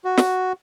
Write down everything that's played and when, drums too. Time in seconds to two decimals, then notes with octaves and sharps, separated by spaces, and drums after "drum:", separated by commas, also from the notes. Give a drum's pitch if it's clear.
0.04 F#4
0.18 drum: snare